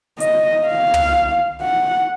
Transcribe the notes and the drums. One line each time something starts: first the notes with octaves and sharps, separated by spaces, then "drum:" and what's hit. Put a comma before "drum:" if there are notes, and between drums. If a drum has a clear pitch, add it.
D#5, drum: hi-hat
F5
drum: tom
F#5